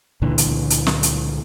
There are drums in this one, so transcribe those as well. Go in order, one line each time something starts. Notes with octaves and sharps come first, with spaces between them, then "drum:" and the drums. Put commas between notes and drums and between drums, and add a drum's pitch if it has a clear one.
C#2 A#2 D3 E3
drum: hi-hat
drum: hi-hat
drum: snare
drum: hi-hat